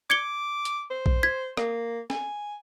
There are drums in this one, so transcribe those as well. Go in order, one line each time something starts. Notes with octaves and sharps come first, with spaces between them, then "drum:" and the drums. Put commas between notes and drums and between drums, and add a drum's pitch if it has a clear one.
D6 G#6 C#7 G7
drum: hi-hat
C5
drum: kick
G#6 B6
A#3, drum: rim click
G#5, drum: snare